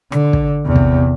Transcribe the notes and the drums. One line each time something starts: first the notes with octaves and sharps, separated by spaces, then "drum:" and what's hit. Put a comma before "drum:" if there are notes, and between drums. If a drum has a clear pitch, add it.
D3, drum: rim click
drum: kick
E2 C3
drum: kick